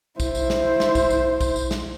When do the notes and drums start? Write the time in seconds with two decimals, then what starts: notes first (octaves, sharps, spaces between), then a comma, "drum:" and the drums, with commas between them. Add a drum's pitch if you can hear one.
0.20 E4 C5, drum: kick B1, tambourine
0.35 drum: tambourine
0.50 drum: snare
0.80 drum: snare
0.95 drum: kick B1, tambourine
1.10 drum: tambourine
1.41 drum: kick B1, tambourine
1.56 drum: tambourine
1.71 drum: snare